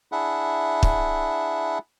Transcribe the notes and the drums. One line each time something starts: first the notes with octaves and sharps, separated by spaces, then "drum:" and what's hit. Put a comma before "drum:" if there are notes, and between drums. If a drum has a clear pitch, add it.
D4 E4 G#4 E5 F#5
drum: kick